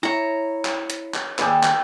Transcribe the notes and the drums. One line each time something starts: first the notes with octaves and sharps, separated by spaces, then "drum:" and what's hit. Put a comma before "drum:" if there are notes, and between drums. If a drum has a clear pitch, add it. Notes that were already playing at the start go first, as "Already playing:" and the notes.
E4 C#5 A#5
drum: clap
drum: hi-hat
drum: clap
D#2 G#4 A4 B4 D5 G5, drum: clap
drum: clap